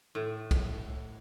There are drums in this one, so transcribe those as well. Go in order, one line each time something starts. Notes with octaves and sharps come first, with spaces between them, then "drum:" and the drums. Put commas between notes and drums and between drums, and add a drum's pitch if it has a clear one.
A2
drum: kick B1, cymbal